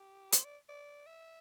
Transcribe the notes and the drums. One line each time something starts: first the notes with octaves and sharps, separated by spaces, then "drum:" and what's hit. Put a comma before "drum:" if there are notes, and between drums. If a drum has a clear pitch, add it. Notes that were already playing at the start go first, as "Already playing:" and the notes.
Already playing: G4
C5, drum: hi-hat
D5
D5
E5